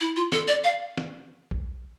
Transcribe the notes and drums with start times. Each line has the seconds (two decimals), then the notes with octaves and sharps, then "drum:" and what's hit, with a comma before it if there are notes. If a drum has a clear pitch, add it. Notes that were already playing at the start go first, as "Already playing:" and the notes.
0.01 E4
0.16 F4
0.32 A4, drum: snare
0.48 D5
0.64 F5
0.97 drum: snare
1.51 drum: kick B1